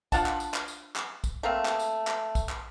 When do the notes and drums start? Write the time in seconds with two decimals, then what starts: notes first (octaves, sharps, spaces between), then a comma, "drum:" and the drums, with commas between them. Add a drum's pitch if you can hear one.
0.12 D4 F4 F#5 A5, drum: kick, tambourine
0.26 drum: clap
0.40 drum: tambourine
0.54 drum: clap
0.68 drum: tambourine
0.96 drum: clap
1.24 drum: kick, tambourine
1.43 A3 A#3 C4 F5
1.66 drum: clap
1.79 drum: tambourine
2.07 drum: clap
2.35 drum: kick, tambourine
2.49 drum: clap